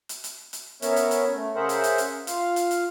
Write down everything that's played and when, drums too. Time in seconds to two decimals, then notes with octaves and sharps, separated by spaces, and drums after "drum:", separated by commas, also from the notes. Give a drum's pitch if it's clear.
0.09 drum: hi-hat
0.24 drum: hi-hat
0.53 drum: hi-hat
0.82 B3 C#4 A#4 C#5 E5, drum: hi-hat
0.96 drum: hi-hat
1.11 drum: hi-hat
1.32 A3
1.55 C#3 G#4 A#4 C5 E5 F#5
1.69 drum: hi-hat
1.84 drum: hi-hat
1.98 drum: hi-hat
2.27 F4 F5, drum: hi-hat
2.56 drum: hi-hat
2.71 drum: hi-hat